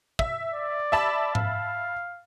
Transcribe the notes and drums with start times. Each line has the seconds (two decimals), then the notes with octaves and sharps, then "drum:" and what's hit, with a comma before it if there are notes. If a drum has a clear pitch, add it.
0.19 E5, drum: kick
0.54 D5
0.92 E5 A5 B5
1.35 F5, drum: tom G#2